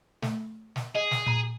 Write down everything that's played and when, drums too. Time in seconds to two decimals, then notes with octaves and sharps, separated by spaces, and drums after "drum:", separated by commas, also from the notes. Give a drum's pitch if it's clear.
0.22 A3, drum: snare
0.76 drum: snare
0.95 G#4 D#5
1.11 drum: snare
1.27 A#2 A#5